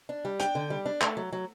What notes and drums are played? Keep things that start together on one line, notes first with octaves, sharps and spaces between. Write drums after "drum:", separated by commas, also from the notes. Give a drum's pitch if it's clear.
D4
G3
D4 G5, drum: hi-hat
D3
G3
D4
A3, drum: clap
F#3
F#3